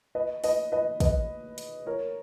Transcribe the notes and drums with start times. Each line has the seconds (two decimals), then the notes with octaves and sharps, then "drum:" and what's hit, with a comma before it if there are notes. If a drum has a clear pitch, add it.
0.15 B4 D#5
0.44 B4 D#5, drum: open hi-hat
0.72 B4 D#5
1.00 B4 D#5, drum: kick, hi-hat
1.58 drum: hi-hat
1.86 A#4 C#5